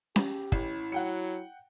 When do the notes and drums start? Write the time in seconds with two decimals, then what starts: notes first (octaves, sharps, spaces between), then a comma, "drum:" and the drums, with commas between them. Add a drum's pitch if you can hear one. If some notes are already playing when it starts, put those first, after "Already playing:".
0.16 G4, drum: snare C#4
0.52 A1 C#4 E4, drum: kick
0.92 F#3 F#5 G5 C#7